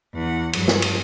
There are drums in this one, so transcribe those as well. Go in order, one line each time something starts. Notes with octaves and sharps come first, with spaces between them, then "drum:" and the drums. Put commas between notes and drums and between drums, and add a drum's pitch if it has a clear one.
E2 F#5
G2 F#3, drum: cymbal
drum: snare
drum: cymbal